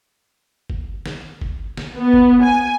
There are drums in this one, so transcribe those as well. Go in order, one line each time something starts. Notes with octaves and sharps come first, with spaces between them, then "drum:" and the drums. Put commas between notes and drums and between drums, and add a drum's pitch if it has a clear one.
drum: kick F#1
drum: snare
drum: kick F#1
drum: snare
B3
drum: kick F#1
G#5